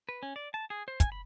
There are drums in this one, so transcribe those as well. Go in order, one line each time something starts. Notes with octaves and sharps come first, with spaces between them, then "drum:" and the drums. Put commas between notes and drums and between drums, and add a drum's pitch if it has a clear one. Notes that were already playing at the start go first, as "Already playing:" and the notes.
B4
C#4
D5
A5
G#4
C5
G#5, drum: kick, hi-hat
B5